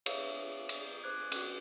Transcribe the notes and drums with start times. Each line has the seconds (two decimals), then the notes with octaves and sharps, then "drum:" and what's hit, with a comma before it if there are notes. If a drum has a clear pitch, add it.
0.06 C#5 E5 F5, drum: cymbal
0.69 drum: cymbal
1.03 C5 D6 F#6 G#6
1.32 C#4 F#4, drum: cymbal